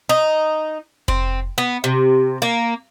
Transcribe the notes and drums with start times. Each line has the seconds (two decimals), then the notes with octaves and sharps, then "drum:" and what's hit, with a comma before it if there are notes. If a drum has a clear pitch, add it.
0.09 D#4
1.08 C4, drum: kick F1
1.58 B3
1.84 C3
2.42 A#3